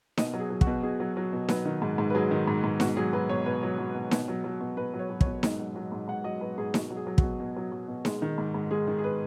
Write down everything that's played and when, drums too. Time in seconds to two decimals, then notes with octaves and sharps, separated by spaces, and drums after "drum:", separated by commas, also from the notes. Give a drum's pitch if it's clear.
0.17 B2 D#5, drum: snare D#4
0.34 F#3
0.40 G#4
0.50 F#3
0.61 F#4, drum: kick
0.67 B2
0.83 B2 G#4
1.00 F#3
1.17 F#3
1.33 B2
1.49 F#3 B4, drum: snare D#4
1.65 D#3
1.82 G#2
1.98 G#2
2.10 B4
2.15 F#3 G#4
2.31 D#3
2.47 G#2
2.64 G#2
2.80 B2 F#4, drum: snare D#4
2.96 F#3 G#4
3.13 F#3 B4
3.29 B2 C#5
3.46 B2 B4
3.63 F#3
3.78 F#3
3.95 B2
4.11 B2, drum: snare D#4
4.28 F#3
4.44 F#3
4.61 B2
4.77 B2 B4
4.94 F#3
4.99 C#5
5.10 F#3
5.21 C#5, drum: kick
5.26 B2
5.43 G#2 D#5, drum: snare D#4
5.59 F#3
5.76 F#3
5.92 G#2
6.08 G#2 F#5
6.24 F#3 D#5
6.41 F#3 B4
6.58 G#2 G#4
6.74 B2 F#4, drum: snare D#4
6.90 F#3
6.96 G#4
7.07 F#3
7.18 F#4, drum: kick
7.23 B2
7.40 B2
7.56 F#3
7.72 F#3
7.88 B2
8.05 G#3, drum: snare D#4
8.22 D#3
8.38 G#2
8.54 G#2
8.71 G#3 G#4
8.87 D#3
8.98 G#4
9.04 B4